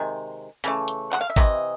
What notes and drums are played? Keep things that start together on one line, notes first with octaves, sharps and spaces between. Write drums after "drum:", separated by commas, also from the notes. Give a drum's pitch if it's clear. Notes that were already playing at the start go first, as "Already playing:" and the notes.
Already playing: C3 D#3 G#3
C#3 E3 A3, drum: hi-hat
drum: hi-hat
F#5, drum: clap
F5
E5
C3 E3 D#5, drum: kick G#1, open hi-hat